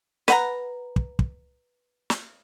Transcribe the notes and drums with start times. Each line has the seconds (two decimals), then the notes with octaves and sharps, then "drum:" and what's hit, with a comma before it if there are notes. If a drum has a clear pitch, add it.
0.28 B4 F#5 A#5, drum: snare
0.96 drum: kick
1.19 drum: kick
2.10 drum: snare